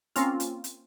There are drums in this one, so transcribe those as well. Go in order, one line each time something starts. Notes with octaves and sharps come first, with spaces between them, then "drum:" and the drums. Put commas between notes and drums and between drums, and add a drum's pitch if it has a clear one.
A#3 C4 C#4 F4, drum: hi-hat
drum: hi-hat
drum: hi-hat